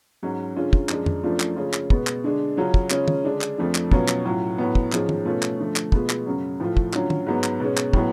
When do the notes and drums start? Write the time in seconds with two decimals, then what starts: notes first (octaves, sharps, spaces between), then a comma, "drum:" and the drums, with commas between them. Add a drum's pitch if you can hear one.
0.22 G#2 F#3 C#4
0.56 D3 G#3 C#4 F4
0.73 drum: kick
0.89 F#2 F3 G#3 D4, drum: clap
1.06 drum: tom
1.23 F#2 F3 A3 D4 F4
1.40 drum: clap
1.56 C#3 G#3 C#4 F4
1.73 drum: clap
1.90 B2 G#3 B3, drum: kick
2.07 drum: clap
2.24 D3 G#3 D4
2.57 C#3 F#3 C#4 F4
2.74 drum: kick
2.90 C#3 G#3 C#4 F4, drum: clap
3.08 drum: tom
3.24 D3 G#3 D4
3.41 drum: clap
3.58 F2 F3 A3 D4
3.75 drum: clap
3.91 B2 F#3 C#4 F4, drum: kick
4.08 drum: clap
4.25 A2 F#3 C#4 F4
4.58 A2 F#3 B3
4.75 drum: kick
4.92 G#2 F3 G#3 C#4, drum: clap
5.09 drum: tom
5.25 B2 A3 C#4 F4
5.42 drum: clap
5.60 D3 F3 A3
5.76 drum: clap
5.92 B2 G#3 B3 F4, drum: kick
6.10 drum: clap
6.26 F#2 C#3 F#3
6.60 A2 F3 A3 F4
6.77 drum: kick
6.93 D3 F#3 C#4 F4, drum: clap
7.10 drum: tom
7.26 G#2 F#3 B3
7.44 drum: clap
7.60 B2 G#3 C#4
7.77 drum: clap
7.93 A2 F#3 B3, drum: kick